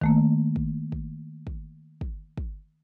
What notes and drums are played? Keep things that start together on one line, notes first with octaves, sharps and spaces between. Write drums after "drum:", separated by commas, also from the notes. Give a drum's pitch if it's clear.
D#3 A3 A#3, drum: kick
drum: kick
drum: kick
drum: kick
drum: kick
drum: kick